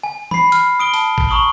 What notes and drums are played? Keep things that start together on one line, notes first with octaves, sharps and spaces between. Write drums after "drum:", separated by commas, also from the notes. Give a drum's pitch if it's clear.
G#5
B5 C7, drum: tom E3
F6, drum: hi-hat
D#6 D7 G7
A5, drum: hi-hat
drum: kick
A#5 C#6 D#6 F#7 G7